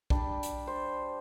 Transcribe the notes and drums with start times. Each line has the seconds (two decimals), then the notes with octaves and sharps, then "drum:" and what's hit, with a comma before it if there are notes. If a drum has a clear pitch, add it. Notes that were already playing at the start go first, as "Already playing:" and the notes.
0.10 G3 D4, drum: kick B1
0.43 drum: hi-hat
0.67 C5